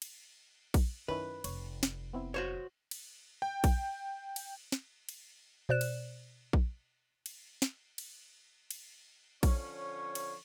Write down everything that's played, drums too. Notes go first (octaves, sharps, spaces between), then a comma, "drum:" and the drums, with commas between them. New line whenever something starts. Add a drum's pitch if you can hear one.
drum: cymbal
drum: kick A#1, cymbal
F#2 D#3 C#4 E4 B4
F1 C#5, drum: cymbal
drum: snare
B3 C4 E4
F#4 C5 C#5
drum: cymbal
G5
drum: kick A#1, cymbal
drum: cymbal
drum: snare
drum: cymbal
B2 C5 D5 F#6 E7
drum: cymbal
drum: kick A#1
drum: cymbal
drum: snare
drum: cymbal
drum: cymbal
D3 F3 C#4 C#5, drum: kick A#1, cymbal
drum: cymbal